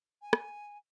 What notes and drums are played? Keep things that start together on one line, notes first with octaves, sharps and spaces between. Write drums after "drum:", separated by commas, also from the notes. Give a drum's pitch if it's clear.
G#5
drum: rim click